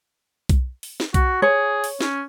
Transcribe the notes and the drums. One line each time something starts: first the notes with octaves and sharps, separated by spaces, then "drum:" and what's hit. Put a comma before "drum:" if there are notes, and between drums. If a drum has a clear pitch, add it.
drum: kick B1, hi-hat
drum: open hi-hat
drum: snare
F#4, drum: kick B1, hi-hat
G#4 C#5
drum: open hi-hat
C#4, drum: snare